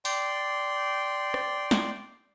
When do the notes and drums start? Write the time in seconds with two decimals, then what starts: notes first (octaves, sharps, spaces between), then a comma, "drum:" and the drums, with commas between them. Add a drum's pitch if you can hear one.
0.05 D5 G5 C6, drum: open hi-hat
1.34 drum: rim click
1.71 drum: snare